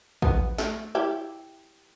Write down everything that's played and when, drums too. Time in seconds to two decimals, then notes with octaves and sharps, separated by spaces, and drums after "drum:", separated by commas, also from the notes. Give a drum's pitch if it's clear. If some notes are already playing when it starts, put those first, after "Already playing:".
0.22 B3, drum: kick
0.58 A3, drum: snare
0.95 E4 G4